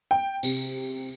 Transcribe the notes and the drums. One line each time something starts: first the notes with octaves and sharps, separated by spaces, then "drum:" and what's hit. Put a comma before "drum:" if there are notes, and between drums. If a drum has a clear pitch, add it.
G5
C3, drum: tambourine